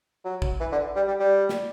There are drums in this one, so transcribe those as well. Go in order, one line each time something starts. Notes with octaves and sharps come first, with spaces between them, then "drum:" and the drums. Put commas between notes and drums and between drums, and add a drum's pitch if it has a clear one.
F#3
drum: kick
E3
D3
G3
G3
G3
drum: snare